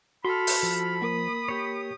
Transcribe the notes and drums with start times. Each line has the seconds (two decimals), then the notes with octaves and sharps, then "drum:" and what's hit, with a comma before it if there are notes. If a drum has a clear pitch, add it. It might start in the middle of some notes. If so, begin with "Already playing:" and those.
0.25 F#4 A4 B5 C6 F6
0.47 drum: open hi-hat
0.63 F3
1.02 A#3 A#4 D#6
1.48 G4 C#5